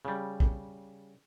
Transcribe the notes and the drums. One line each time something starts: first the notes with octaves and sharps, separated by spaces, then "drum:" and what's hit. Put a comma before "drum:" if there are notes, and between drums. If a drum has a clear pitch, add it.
C#3 G3
drum: kick